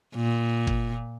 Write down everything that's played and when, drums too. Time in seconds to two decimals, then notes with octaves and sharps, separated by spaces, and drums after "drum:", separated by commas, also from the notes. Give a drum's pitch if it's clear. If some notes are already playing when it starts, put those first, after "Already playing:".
0.15 A#2
0.67 drum: kick